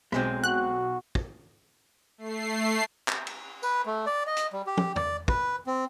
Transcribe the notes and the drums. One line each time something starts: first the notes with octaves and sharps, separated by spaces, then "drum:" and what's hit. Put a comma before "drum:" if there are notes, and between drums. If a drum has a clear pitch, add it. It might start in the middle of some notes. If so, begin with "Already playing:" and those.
B1 G#3 C4, drum: rim click
F#4 F#6
drum: kick
A3 C7
drum: clap
drum: cymbal
B4, drum: tambourine
A3
D5
D#5
drum: hi-hat
G3
G4
drum: tom
D5, drum: tom E2
B4, drum: kick
C4